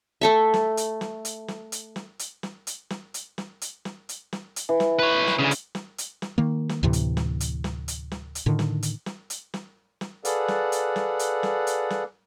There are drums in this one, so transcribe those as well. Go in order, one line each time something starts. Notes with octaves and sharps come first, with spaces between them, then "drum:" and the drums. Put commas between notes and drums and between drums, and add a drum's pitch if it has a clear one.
A3 A4 E5
drum: snare
drum: hi-hat
drum: snare
drum: hi-hat
drum: snare
drum: hi-hat
drum: snare
drum: hi-hat
drum: snare
drum: hi-hat
drum: snare
drum: hi-hat
drum: snare
drum: hi-hat
drum: snare
drum: hi-hat
drum: snare
drum: hi-hat
E3
drum: snare
B4 C#5
drum: snare
D2 C#3
drum: hi-hat
drum: snare
drum: hi-hat
drum: snare
D#3 A#3
drum: snare
D2 A2 C3 E3
drum: hi-hat
drum: snare
drum: hi-hat
drum: snare
drum: hi-hat
drum: snare
drum: hi-hat
A2 D3 D#3
drum: snare
drum: hi-hat
drum: snare
drum: hi-hat
drum: snare
drum: snare
G#4 A4 B4 D5 F5 F#5, drum: hi-hat
drum: snare
drum: hi-hat
drum: snare
drum: hi-hat
drum: snare
drum: hi-hat
drum: snare